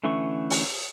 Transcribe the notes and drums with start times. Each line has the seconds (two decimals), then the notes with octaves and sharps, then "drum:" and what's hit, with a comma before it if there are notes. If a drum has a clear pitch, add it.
0.04 D3 E3 A3 C#4 C#6
0.50 drum: open hi-hat